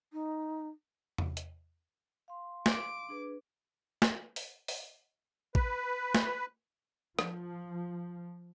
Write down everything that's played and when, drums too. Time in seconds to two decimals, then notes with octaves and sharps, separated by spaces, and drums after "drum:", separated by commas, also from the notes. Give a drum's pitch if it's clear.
0.13 D#4
1.18 drum: tom E2
1.37 drum: hi-hat
2.28 F5 C6
2.66 D6, drum: snare
3.09 D4 G#4 B4
4.02 drum: snare
4.36 drum: open hi-hat
4.68 drum: open hi-hat
5.55 B4, drum: kick
6.15 drum: snare
7.19 F3, drum: rim click